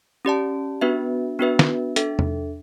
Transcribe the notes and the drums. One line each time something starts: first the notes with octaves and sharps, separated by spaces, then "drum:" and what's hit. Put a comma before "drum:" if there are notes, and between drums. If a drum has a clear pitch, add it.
C#4 G4 D5 A5
B3 D4 F#4 B4 E5
B3 D4 F#4 B4 E5
drum: snare
D4 A4 E5, drum: hi-hat
drum: tom E2